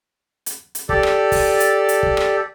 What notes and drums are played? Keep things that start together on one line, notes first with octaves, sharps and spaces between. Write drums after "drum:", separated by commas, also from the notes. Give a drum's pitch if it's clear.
drum: hi-hat
drum: hi-hat
G4 A4 D5, drum: kick
drum: rim click
drum: kick, open hi-hat
drum: hi-hat
drum: hi-hat
drum: kick
drum: rim click